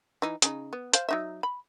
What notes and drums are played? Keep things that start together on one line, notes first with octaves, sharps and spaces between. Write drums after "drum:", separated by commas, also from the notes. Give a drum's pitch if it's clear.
E3 D#4
C#3 D#4, drum: hi-hat
B3
C5 F5, drum: hi-hat
F#3 D#4 E5
B5